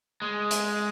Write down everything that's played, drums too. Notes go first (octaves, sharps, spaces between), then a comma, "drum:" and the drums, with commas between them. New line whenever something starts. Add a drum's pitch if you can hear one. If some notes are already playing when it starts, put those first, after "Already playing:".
G#3
drum: hi-hat